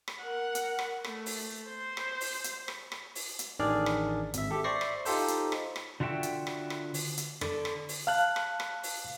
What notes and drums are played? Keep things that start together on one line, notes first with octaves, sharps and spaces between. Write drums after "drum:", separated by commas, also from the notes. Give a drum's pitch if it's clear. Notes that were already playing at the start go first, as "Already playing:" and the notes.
drum: rim click
A#4 F#5
drum: hi-hat
drum: rim click
A3, drum: rim click
drum: open hi-hat
C5
drum: rim click
drum: open hi-hat
drum: hi-hat
drum: rim click
drum: rim click
drum: open hi-hat
drum: hi-hat
A1 D#3 D4 G#4 D5 F6
drum: rim click
G#1 E5, drum: hi-hat
G4 A4
C5 D5 E5 C#6 A#6 C7
drum: rim click
D#4 F4 G4 A4 C5, drum: open hi-hat
drum: hi-hat
drum: rim click
drum: rim click
D3 F4 F#4 E5 G5
drum: hi-hat
drum: rim click
drum: rim click
drum: open hi-hat
drum: hi-hat
D3, drum: rim click
drum: rim click
drum: open hi-hat
F5 A5 F#6
drum: rim click
drum: rim click
drum: open hi-hat